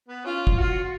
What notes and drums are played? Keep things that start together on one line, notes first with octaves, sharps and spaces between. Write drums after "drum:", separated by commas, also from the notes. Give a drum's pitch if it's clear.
B3
C#4 F4
drum: kick
F4 F#4